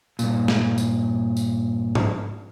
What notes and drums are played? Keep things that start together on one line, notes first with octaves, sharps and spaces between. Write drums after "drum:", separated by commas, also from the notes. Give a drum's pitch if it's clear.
G2 A#2, drum: tambourine
drum: snare
drum: tambourine
drum: tambourine
drum: tom G#2